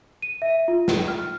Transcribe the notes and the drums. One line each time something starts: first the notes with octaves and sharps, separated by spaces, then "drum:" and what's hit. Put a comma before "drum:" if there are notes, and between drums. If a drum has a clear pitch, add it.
D#7
E5
F4
drum: snare
F6